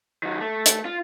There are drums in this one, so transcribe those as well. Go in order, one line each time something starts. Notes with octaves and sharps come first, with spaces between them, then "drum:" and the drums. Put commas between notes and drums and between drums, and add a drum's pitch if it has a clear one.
D#3 F#3
A3
drum: hi-hat
F4